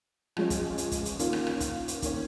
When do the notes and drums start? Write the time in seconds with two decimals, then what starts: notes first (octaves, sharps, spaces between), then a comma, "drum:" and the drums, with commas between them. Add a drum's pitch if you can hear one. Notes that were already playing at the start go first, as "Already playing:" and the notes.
0.37 F3 G#3 C#4, drum: rim click
0.50 drum: kick, hi-hat
0.78 drum: hi-hat
0.92 drum: kick, hi-hat
1.05 drum: hi-hat
1.19 D#3 A#3 C#4 F4, drum: hi-hat
1.33 drum: rim click
1.47 drum: rim click
1.60 drum: kick, hi-hat
1.88 drum: hi-hat
2.02 D#3 A#3 C#4, drum: kick, hi-hat